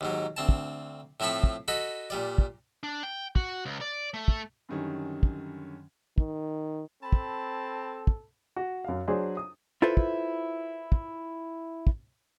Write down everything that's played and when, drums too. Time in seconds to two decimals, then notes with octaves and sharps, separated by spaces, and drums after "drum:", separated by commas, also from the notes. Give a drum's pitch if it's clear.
0.01 D#2 G#2 F#3
0.37 D2 C4 A5
0.49 drum: kick
1.20 A2 F3 C4 A5 B5 C#6
1.44 drum: kick
1.68 F#4 A4 D#5 B5
2.10 A#2 G3 D5
2.38 drum: kick
2.83 D4
3.03 G5
3.36 F#4, drum: kick
3.65 C#2
3.81 D5
4.14 A3
4.28 drum: kick
4.69 F#2 D3 D#3 G3 C#4
5.23 drum: kick
6.18 D#3, drum: kick
7.03 C4 A4 A5 B5
7.13 drum: kick
8.07 drum: kick
8.56 F#4
8.85 F#2 F5
9.08 F#3 D4 G#4 C5
9.37 D#6
9.82 E4 F4 A4 B4 C5 E5
9.97 drum: kick
10.92 drum: kick
11.87 drum: kick